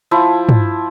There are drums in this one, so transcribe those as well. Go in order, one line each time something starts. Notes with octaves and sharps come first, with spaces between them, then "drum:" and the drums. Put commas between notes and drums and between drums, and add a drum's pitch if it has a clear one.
F3 E4
drum: tom